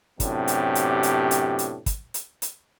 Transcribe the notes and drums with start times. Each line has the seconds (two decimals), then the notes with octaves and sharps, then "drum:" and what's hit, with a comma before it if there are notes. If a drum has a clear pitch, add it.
0.20 F#2 A2 C3 B3 D4 G4, drum: kick, hi-hat
0.48 drum: hi-hat
0.75 drum: hi-hat
1.03 drum: hi-hat
1.31 drum: hi-hat
1.59 drum: hi-hat
1.86 drum: kick, hi-hat
2.14 drum: hi-hat
2.42 drum: hi-hat